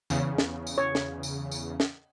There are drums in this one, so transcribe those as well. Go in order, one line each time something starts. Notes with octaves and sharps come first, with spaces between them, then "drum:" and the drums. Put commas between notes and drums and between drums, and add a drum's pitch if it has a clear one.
E2 C#3, drum: tambourine
drum: snare
drum: tambourine
C#5
drum: snare
drum: tambourine
drum: tambourine
drum: snare